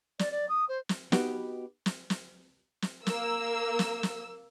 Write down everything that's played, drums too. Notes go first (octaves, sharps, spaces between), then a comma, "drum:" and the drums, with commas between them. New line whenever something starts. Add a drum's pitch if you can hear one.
D5, drum: snare
D5
D#6
C5
drum: snare
B3 D#4 F#4 G4 B4 D#5, drum: snare
drum: snare
drum: snare
drum: snare
A#3 E6, drum: snare
drum: snare
drum: snare